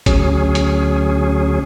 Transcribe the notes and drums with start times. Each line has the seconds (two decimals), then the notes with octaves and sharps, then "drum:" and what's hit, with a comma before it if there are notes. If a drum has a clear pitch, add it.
0.06 D2 F#3 C#4 G#4, drum: kick G1, hi-hat
0.55 drum: hi-hat